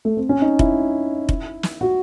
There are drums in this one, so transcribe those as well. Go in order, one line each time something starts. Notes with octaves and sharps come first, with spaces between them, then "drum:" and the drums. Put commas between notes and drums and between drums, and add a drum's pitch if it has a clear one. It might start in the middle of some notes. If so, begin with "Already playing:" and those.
A3
C4
C#4
D#4
E4, drum: kick F1
drum: kick F1
drum: snare
F#4